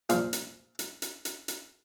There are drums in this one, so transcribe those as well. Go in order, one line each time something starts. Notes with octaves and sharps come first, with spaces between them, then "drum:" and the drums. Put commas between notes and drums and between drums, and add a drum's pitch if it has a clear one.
A#2 F3 F4, drum: hi-hat
drum: hi-hat
drum: hi-hat
drum: hi-hat
drum: hi-hat
drum: hi-hat